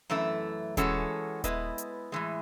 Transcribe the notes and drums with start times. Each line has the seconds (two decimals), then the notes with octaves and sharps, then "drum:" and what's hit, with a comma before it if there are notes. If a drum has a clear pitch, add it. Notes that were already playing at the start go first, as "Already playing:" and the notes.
0.10 F#2 E3 A3 E4
0.77 E3 G#3 C#4 F#4 A4, drum: kick D#1, hi-hat
1.44 G#3 B3 E4 B4 D#5, drum: kick D#1, hi-hat
1.78 drum: hi-hat
2.12 A2 E3 G#3